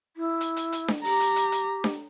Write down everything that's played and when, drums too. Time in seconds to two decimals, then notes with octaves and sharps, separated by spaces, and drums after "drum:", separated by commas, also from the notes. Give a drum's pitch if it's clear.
0.17 E4
0.41 drum: hi-hat
0.57 drum: hi-hat
0.72 drum: hi-hat
0.88 drum: snare D4
1.04 G4 A#5, drum: open hi-hat
1.20 drum: hi-hat
1.36 drum: hi-hat
1.52 drum: hi-hat
1.84 drum: snare D4